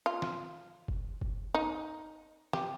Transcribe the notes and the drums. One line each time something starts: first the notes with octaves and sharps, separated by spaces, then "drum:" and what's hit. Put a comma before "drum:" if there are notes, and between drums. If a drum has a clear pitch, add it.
F4
drum: snare
drum: kick F#1
drum: kick F#1
D#4
G4, drum: snare